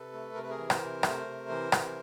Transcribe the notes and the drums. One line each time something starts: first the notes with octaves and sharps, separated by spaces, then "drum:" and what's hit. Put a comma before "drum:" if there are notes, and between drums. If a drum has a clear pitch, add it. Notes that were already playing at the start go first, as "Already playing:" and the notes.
Already playing: C3 A4 B4
A3
C3 A#4
B4
G#4 A#4
E3
A#4 C5, drum: rim click
C3
A3, drum: rim click
C3
E3
C3, drum: rim click